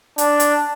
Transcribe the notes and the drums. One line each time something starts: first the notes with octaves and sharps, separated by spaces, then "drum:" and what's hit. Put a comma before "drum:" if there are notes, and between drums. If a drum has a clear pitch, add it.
D4, drum: hi-hat
drum: hi-hat